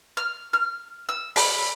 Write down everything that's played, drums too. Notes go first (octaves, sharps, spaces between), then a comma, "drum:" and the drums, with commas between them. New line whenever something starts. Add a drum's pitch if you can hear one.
F6
F6
E6
B5, drum: open hi-hat